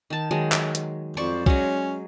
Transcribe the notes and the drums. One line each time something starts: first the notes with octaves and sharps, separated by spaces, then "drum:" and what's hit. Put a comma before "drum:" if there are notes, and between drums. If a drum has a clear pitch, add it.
D#3 A5
D#3 F#3 G#3
drum: clap
drum: hi-hat
F2 C5 D5 C#6
F#3 G#3 C#4, drum: kick B1